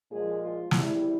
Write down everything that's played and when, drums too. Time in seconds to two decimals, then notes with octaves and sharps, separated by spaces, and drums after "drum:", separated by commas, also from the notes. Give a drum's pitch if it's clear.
0.11 A#2 F3 G#3 G#4
0.40 F4
0.71 E2 C3 G3 E4, drum: snare